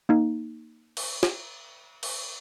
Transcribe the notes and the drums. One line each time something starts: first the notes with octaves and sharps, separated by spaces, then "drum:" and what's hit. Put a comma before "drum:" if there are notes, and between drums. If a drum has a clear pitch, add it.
A#3 D#4
drum: cymbal
drum: snare
drum: cymbal